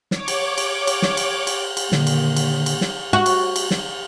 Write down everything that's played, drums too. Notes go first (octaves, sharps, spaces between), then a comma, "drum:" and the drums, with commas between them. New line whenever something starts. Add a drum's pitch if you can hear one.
C#5 D6, drum: snare
drum: cymbal
drum: cymbal
drum: cymbal
drum: snare
drum: cymbal
drum: cymbal
drum: cymbal
A#2 D3 D#3, drum: snare
drum: cymbal
drum: cymbal
drum: cymbal
drum: snare
F#4
drum: cymbal
drum: cymbal
drum: snare